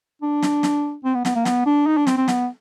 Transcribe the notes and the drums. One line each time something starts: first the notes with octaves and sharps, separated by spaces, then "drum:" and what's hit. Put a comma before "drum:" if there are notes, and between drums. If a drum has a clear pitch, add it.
D4
drum: snare
drum: snare
C4
B3
B3, drum: snare
A#3
B3, drum: snare
D4
D#4
D4
C4, drum: snare
C4
B3, drum: snare